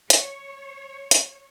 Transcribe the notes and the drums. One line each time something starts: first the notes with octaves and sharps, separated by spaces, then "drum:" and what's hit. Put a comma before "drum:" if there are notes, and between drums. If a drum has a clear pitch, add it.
C#5, drum: hi-hat
drum: hi-hat